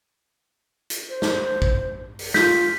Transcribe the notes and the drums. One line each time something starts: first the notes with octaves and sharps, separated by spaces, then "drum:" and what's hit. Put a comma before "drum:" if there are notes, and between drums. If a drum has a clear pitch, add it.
drum: hi-hat
C5
drum: snare
drum: kick A1
drum: open hi-hat
F4 G6 B6, drum: snare